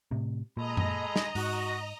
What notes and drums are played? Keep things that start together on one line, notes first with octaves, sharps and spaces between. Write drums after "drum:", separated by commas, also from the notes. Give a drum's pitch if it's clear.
A2 C3
A#2 G#3 A4 D#5 A#5 B5
drum: tom F#2
drum: snare
G#2 F#4, drum: open hi-hat